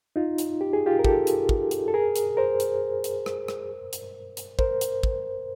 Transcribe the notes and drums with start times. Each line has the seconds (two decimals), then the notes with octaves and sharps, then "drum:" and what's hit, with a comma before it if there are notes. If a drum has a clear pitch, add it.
0.16 D#4 F4
0.38 drum: hi-hat
0.61 G4
0.73 G#4
0.86 F4 G4
0.99 A#4
1.05 G4 A4, drum: kick
1.27 drum: hi-hat
1.49 drum: kick
1.71 drum: hi-hat
1.88 A4
1.94 G#4 A#4
2.16 drum: hi-hat
2.37 A#4 C5
2.60 drum: hi-hat
3.04 drum: hi-hat
3.26 drum: rim click
3.48 drum: rim click
3.93 drum: hi-hat
4.37 drum: hi-hat
4.59 A#4 C5, drum: kick
4.81 drum: hi-hat
5.03 drum: kick